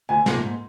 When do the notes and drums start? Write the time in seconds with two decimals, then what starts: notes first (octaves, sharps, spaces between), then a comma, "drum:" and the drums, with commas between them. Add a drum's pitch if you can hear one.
0.09 D2 G#5
0.26 C3 F3 A#3, drum: snare
0.43 G#2